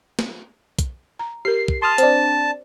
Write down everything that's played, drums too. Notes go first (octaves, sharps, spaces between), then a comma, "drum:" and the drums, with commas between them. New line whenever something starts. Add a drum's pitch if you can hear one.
drum: snare
drum: kick, hi-hat
A#5
G4 A#4 C7
drum: kick
A5 C6 D#6 F6
C4 D4 C5, drum: hi-hat